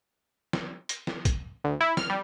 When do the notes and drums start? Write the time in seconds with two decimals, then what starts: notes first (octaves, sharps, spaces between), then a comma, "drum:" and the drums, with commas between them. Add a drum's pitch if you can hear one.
0.53 drum: snare
0.89 drum: hi-hat
1.07 drum: snare
1.25 drum: kick, hi-hat
1.64 D2
1.81 E4
1.97 F6, drum: snare
2.10 G3